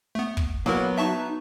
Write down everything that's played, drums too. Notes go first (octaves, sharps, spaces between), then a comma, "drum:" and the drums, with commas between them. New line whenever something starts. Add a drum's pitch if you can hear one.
A3 B3
drum: kick
F#3 A#3 B3 E4 A#4
D#4 E5 A5 C#6